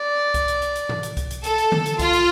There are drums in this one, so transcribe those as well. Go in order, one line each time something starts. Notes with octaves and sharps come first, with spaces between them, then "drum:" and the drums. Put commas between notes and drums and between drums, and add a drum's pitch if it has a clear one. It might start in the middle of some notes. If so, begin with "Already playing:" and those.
Already playing: D5
drum: kick C2, hi-hat
drum: hi-hat
drum: hi-hat
drum: hi-hat
drum: tom G#2
drum: hi-hat
drum: kick C2, hi-hat
drum: hi-hat
A4, drum: hi-hat
drum: hi-hat
drum: tom D3
drum: hi-hat
F4, drum: kick C2, hi-hat
drum: hi-hat